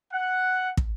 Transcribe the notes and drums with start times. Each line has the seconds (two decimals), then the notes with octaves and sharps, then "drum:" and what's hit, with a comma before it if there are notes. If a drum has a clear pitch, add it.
0.12 F#5
0.77 drum: kick